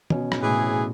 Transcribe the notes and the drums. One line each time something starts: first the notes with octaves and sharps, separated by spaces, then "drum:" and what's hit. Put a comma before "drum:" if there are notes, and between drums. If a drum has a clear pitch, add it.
B2 C#4, drum: tom
drum: rim click
A2 C3 E3 G#4